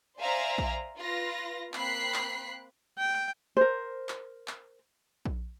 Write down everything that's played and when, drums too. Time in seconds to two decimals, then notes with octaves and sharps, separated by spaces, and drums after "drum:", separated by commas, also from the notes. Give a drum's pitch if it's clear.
0.18 C5 D5 E5 F5 G#5 A#5
0.58 drum: kick A#1
0.97 F4 B4 A#6
1.73 A#3 C4 B5 F#6 B6 C7, drum: clap
2.14 drum: clap
2.98 G5
3.57 A#4 C5
4.09 drum: clap
4.48 drum: clap
5.25 drum: kick A#1